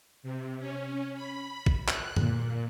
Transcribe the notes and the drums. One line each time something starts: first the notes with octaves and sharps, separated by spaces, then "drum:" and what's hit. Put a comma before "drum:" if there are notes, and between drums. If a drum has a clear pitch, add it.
C3
C#4
B5
drum: kick
F#6, drum: clap
A#2, drum: tom F#2